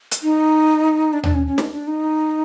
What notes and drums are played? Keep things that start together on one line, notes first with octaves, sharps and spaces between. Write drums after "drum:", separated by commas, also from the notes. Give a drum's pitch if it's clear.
drum: hi-hat
D#4
D4
D4, drum: tom D#2
C#4
C#4
D4, drum: snare
D4
D#4